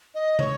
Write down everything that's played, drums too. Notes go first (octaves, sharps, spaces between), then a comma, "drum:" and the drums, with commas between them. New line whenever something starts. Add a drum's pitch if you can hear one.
D#5
C#5, drum: tom